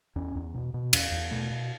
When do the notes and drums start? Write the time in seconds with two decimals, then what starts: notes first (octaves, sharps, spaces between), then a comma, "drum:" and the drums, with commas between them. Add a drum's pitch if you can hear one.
0.16 E2 C#4
0.35 E2
0.54 B2
0.74 B2
0.93 E2 C#4, drum: cymbal
1.12 E2
1.31 B2 A3
1.50 B2